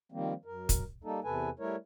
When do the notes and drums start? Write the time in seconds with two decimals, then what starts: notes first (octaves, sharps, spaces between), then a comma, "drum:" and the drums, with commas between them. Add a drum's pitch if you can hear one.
0.12 D#3 F3 G3 A#3 C4
0.45 F#2 A#4
0.69 drum: kick, hi-hat
1.04 G3 A#3 D#4 A4
1.24 E2 C3 A4 B4 G#5
1.59 G3 A3 E4 A#4 C#5